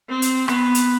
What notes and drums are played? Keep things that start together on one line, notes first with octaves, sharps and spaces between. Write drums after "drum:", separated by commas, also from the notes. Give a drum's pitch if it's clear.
C4
drum: hi-hat
B3, drum: rim click
drum: hi-hat